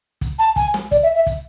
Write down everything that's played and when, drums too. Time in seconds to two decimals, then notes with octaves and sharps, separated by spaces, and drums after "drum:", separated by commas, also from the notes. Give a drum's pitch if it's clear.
0.21 drum: kick, hi-hat
0.39 A5
0.56 G#5, drum: kick, hi-hat
0.74 drum: snare
0.91 D5, drum: kick, hi-hat
1.03 E5
1.15 E5
1.26 drum: kick, hi-hat